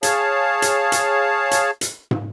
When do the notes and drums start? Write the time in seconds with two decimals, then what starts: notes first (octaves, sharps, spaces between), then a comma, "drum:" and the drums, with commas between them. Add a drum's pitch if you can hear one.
0.03 G#4 C#5 F5 A5, drum: hi-hat
0.62 drum: hi-hat
0.92 drum: hi-hat
1.51 drum: hi-hat
1.81 drum: hi-hat
2.11 drum: tom